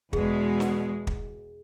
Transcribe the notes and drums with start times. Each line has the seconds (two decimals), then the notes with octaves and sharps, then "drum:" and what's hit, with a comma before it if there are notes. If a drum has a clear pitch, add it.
0.13 E2 B2 G#3 G#4, drum: kick
0.60 drum: snare
1.07 drum: kick